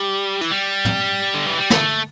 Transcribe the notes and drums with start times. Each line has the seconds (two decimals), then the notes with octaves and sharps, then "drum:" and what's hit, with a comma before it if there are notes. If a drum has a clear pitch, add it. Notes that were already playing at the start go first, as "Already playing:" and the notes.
Already playing: G3
0.41 E3, drum: hi-hat
0.51 G3
0.85 drum: tom
1.34 D3
1.47 E3
1.58 G3
1.70 A3, drum: snare